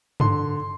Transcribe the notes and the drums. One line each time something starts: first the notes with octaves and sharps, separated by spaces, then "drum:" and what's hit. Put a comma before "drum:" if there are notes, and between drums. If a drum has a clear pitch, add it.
D3 C6, drum: tom G2